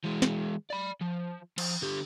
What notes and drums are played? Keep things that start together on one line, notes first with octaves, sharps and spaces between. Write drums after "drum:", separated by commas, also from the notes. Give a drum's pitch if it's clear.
E3 G#3
drum: snare
D5 B5
F3
F3, drum: cymbal
D3 G4